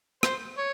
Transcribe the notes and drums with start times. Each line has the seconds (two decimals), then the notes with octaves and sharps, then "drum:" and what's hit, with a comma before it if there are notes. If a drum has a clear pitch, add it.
0.23 C5, drum: rim click
0.57 C#5